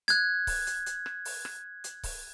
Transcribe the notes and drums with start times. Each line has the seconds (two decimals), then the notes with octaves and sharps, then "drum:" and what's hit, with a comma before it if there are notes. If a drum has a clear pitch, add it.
0.08 F#6 G#6, drum: hi-hat
0.47 drum: kick C#1, open hi-hat
0.67 drum: hi-hat
0.86 drum: hi-hat
1.06 drum: rim click
1.25 drum: open hi-hat
1.45 drum: rim click
1.84 drum: hi-hat
2.03 drum: kick C#1, open hi-hat